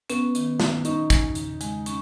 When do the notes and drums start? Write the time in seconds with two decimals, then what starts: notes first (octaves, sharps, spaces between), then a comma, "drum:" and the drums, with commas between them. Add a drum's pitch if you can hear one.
0.10 B3 C#4, drum: hi-hat
0.35 D#3, drum: hi-hat
0.60 D#3, drum: snare
0.85 C#4 D#4, drum: hi-hat
1.10 E2, drum: kick, hi-hat
1.35 C#3, drum: hi-hat
1.61 G#3, drum: hi-hat
1.86 C#4, drum: hi-hat